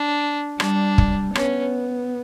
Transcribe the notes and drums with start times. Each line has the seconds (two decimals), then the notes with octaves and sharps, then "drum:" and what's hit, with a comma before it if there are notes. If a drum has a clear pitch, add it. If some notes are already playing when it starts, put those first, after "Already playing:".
Already playing: D4
0.60 G3 D4, drum: rim click
0.98 drum: kick
1.35 B3 C#4, drum: rim click